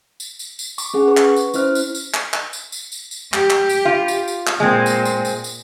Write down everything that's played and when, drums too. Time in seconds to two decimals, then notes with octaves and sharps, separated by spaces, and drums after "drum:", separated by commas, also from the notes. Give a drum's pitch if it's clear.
0.20 drum: tambourine
0.39 drum: tambourine
0.59 drum: tambourine
0.78 C#6 D6, drum: tambourine
0.94 C#4 G#4 F#5
1.08 B4 C#6
1.17 drum: clap
1.36 drum: tambourine
1.54 C#4 E4 C5 F6, drum: tambourine
1.75 drum: tambourine
1.95 drum: tambourine
2.14 drum: clap
2.33 drum: clap
2.53 drum: tambourine
2.72 drum: tambourine
2.92 drum: tambourine
3.11 drum: tambourine
3.33 G4, drum: clap
3.50 drum: clap
3.69 drum: tambourine
3.85 F4
4.08 drum: tambourine
4.28 drum: tambourine
4.47 drum: clap
4.60 A#2 G#3 C4
4.86 drum: tambourine
5.05 drum: tambourine
5.25 drum: tambourine
5.44 drum: tambourine